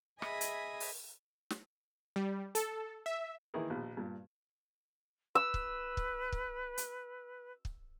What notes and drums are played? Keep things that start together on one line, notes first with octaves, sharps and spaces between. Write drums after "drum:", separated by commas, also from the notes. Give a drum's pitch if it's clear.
G#4 D#5 E5 G#5 B5 D#6, drum: rim click
drum: hi-hat
drum: open hi-hat
drum: snare
G3
A4, drum: hi-hat
E5
D#3 E3 A#3 E4 G#4 A#4
A#1 B2
G2 A#2
B4 E6
drum: kick
drum: kick
drum: kick
drum: hi-hat
drum: kick